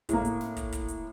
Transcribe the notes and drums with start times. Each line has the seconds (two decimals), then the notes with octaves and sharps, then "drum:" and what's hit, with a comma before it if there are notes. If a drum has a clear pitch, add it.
0.09 A2 A#3, drum: kick, hi-hat
0.25 drum: hi-hat
0.41 drum: snare
0.57 drum: kick, hi-hat
0.72 drum: kick, hi-hat
0.88 drum: hi-hat